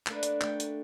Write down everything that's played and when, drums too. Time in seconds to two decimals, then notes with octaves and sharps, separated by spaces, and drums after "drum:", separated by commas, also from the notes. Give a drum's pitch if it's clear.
0.07 A3 A#3 D4 B4, drum: clap
0.23 drum: hi-hat
0.41 A3 G5, drum: clap
0.60 drum: hi-hat